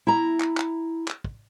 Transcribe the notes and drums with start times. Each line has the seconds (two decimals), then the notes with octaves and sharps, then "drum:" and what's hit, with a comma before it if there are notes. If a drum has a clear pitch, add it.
0.07 E4 A#5
0.40 drum: clap
0.57 drum: clap
1.08 drum: clap
1.24 drum: kick